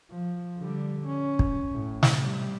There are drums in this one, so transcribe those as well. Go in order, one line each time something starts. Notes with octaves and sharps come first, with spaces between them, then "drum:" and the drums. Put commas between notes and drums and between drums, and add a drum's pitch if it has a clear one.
F3
D3 G3
C#4
drum: kick
A2
drum: snare
C3 G3